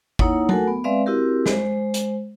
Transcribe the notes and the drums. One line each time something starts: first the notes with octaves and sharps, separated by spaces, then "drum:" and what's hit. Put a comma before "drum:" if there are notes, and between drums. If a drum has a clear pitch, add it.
A#3 D#4 E4 C#5 F#5, drum: kick G1
A3 F#4 A4 A#4 F#5 G#5, drum: tom F#3
B3
G#3 C4 B4 D5 E5 F5
C4 E4 F#4 G4 A#4
G#3 C5, drum: snare
drum: hi-hat